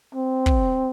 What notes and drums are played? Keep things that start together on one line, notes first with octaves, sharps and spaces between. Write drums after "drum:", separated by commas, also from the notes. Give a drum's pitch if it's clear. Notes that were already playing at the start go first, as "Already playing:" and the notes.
C4
drum: kick